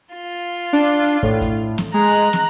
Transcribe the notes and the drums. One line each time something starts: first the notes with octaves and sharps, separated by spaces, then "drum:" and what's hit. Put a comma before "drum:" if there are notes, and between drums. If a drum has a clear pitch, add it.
F4
D4
drum: hi-hat
A2, drum: kick
drum: kick, hi-hat
drum: snare
G#3 A#5 F#6
drum: hi-hat
drum: snare